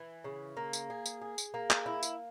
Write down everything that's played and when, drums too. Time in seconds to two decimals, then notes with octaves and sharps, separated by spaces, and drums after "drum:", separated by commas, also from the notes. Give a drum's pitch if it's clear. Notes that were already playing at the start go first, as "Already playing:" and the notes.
Already playing: E3
0.24 C#3
0.57 A#3
0.73 drum: tambourine
0.90 G#4
1.06 drum: tambourine
1.21 G#4
1.38 drum: tambourine
1.54 A#3
1.70 drum: clap
1.86 E4
2.03 drum: tambourine